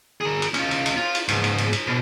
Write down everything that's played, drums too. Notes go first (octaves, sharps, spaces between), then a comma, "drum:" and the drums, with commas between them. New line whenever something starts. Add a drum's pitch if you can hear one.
G#4 A#4
drum: cymbal
C#4 F4, drum: cymbal
drum: cymbal
drum: cymbal
F4
drum: cymbal
C#2 G#2, drum: cymbal
drum: cymbal
drum: cymbal
drum: cymbal
B2